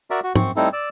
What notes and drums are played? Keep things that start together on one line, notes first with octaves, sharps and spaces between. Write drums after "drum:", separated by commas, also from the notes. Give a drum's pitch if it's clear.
F#4 A#4 D5 E5
F#4
F#2 C4 C#6, drum: tom
G3 A3 C4 D#4 E4 A4
D5 E6